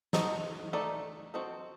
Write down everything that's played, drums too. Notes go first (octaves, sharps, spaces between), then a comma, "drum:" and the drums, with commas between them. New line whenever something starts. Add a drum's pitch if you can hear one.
C4 D#4 F#4 A4 D#5, drum: snare
A3 D#4 A4 D5
C4 F#4 A4 D#5